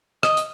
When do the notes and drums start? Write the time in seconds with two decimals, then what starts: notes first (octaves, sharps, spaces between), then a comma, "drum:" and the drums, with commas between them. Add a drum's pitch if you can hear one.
0.23 D#5, drum: rim click
0.37 drum: hi-hat